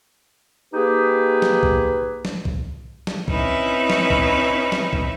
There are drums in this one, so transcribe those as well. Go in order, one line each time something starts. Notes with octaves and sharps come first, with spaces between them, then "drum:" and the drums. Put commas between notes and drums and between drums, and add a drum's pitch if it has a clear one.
A#3 D#4 G4 G#4 B4
drum: snare
drum: kick B1
drum: snare
drum: kick B1
drum: snare
C4 C#4 D#4 E4 B4 E5, drum: kick B1
drum: snare
drum: kick B1
drum: snare
drum: kick B1